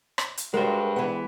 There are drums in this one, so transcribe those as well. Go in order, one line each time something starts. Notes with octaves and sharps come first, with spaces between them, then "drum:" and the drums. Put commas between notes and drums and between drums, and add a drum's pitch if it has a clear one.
drum: rim click
drum: hi-hat
G2 G#3 F#4 A#4 C5
E3 B3